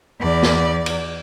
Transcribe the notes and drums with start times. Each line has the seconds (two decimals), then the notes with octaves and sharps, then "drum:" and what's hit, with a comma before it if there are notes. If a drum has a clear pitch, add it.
0.21 E2 D5
0.43 drum: snare
0.86 drum: cymbal